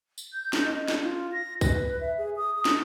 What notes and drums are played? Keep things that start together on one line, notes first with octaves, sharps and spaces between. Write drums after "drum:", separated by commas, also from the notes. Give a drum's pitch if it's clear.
drum: tambourine
G6
drum: snare
D#5
D4, drum: snare
F4
A#6
B4, drum: kick, tambourine
E5
G#4
D#6
D#6
drum: snare